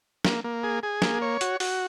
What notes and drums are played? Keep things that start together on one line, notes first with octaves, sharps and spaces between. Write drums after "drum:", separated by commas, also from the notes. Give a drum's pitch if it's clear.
A#3, drum: snare
A#3
G#4
G#4
A#3, drum: snare
C#5
F#4, drum: hi-hat
F#4, drum: open hi-hat